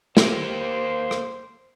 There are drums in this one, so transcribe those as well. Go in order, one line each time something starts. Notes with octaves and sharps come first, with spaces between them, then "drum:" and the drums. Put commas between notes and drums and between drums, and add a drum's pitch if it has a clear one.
A#3 G4 C5, drum: snare
drum: rim click